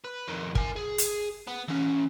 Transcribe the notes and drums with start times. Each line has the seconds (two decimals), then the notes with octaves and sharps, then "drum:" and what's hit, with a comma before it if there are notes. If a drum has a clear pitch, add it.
0.04 B4
0.28 F2 D#3
0.55 A#4 G#5, drum: kick
0.76 G#4
0.98 drum: hi-hat
1.47 B3
1.68 E3 C#4